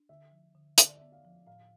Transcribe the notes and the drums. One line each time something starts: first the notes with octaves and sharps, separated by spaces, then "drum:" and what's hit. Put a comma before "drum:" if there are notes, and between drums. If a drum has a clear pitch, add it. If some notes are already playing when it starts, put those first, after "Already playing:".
Already playing: D4
D3 E5
F3
D3
D3 E5, drum: hi-hat
D5
B3 E5
F5
F3
A2 F5